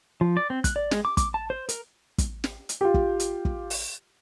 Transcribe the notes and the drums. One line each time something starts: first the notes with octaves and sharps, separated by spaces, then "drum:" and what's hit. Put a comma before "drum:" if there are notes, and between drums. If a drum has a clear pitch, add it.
F3
D5
C4
F#6, drum: kick, hi-hat
D5
G#3, drum: snare
D6
D6, drum: kick, hi-hat
A5
C5
A#4, drum: hi-hat
drum: kick, hi-hat
drum: snare
drum: hi-hat
F4 G4
drum: kick
drum: hi-hat
drum: kick
drum: open hi-hat